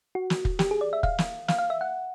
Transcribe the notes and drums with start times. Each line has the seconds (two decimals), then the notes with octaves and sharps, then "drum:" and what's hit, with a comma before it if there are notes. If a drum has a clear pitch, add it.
0.15 F#4
0.30 drum: snare
0.45 drum: kick
0.59 G4, drum: snare
0.71 G#4
0.81 D5
0.93 E5
1.03 F5, drum: kick
1.18 drum: snare
1.48 F5, drum: snare
1.58 F5
1.70 E5
1.81 F#5